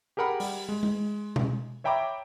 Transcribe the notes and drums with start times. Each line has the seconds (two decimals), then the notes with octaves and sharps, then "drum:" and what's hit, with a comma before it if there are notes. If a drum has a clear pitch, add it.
0.17 G4 G#4 A#4 F#5 B5
0.40 G3, drum: open hi-hat
0.69 G#3
0.83 drum: tom G#3
1.36 drum: tom B2
1.84 C#5 E5 G5 A#5 B5 D6